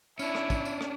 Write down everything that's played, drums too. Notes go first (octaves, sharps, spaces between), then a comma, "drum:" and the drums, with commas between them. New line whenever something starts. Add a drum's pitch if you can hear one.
C#4 D4 E4, drum: tambourine
drum: rim click
drum: kick, tambourine
drum: tambourine
drum: rim click